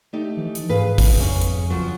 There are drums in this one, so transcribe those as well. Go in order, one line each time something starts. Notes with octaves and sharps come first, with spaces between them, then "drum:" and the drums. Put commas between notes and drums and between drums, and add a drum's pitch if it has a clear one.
A3 D#4 G4
E3
drum: hi-hat
G#2 G#4 B4 F5
drum: kick, open hi-hat
F2 C#4 G#4
drum: hi-hat
C#3 F3 F#3